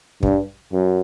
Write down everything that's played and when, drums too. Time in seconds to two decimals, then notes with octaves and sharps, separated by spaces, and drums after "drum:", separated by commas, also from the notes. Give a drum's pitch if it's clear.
0.23 G2, drum: kick
0.73 F#2